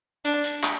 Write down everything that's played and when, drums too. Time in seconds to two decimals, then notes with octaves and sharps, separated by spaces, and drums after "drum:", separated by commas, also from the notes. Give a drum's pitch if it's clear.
0.25 D4, drum: hi-hat
0.44 drum: hi-hat
0.63 drum: clap